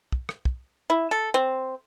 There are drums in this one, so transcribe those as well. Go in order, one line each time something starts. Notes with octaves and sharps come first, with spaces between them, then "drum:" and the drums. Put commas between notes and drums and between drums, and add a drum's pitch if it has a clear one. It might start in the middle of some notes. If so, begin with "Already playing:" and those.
drum: kick
drum: rim click
drum: kick
E4
A4
C4